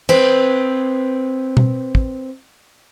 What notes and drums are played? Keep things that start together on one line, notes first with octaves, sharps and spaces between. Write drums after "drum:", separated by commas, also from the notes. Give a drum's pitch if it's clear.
C4 B4, drum: cymbal
drum: tom B2
drum: kick